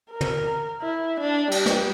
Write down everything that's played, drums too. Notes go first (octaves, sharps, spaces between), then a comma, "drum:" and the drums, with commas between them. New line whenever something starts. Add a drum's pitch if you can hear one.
A#4
drum: tom
E4
D4
G3, drum: cymbal
drum: snare